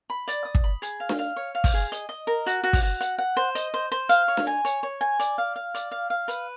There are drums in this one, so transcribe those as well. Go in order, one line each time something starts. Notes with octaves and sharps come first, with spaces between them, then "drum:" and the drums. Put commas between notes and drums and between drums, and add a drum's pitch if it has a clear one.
B5
D5, drum: hi-hat
D#6
drum: kick
B5
G#4, drum: hi-hat
F5
drum: snare D4
F5
C#5
F5
drum: kick, open hi-hat
G#4
D#5, drum: hi-hat
D#5
A#4
F#4, drum: hi-hat
F#4
drum: kick, open hi-hat
F#4
F#5, drum: hi-hat
F#5
C5
D#5, drum: hi-hat
C5
C5
F5, drum: hi-hat
C#5
drum: snare D4
G#5
C#5, drum: hi-hat
C#5
G#5
D5, drum: hi-hat
F5
F5
D5, drum: hi-hat
F5
F5
B4, drum: hi-hat